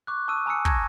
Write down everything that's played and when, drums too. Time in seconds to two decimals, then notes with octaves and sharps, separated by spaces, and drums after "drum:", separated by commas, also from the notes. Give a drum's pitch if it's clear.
0.07 C#6 D6 F#6
0.28 A5 C#6 D#6 E6 D#7
0.46 G#5 A#5 D#6 E6 C#7
0.65 A5 A#5 C#6 G6 G#6 A#6, drum: kick